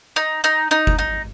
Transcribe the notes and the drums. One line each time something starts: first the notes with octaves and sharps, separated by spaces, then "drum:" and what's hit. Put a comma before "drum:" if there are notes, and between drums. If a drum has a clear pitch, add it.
D#4
D#4
D#4
drum: kick F#1
D#4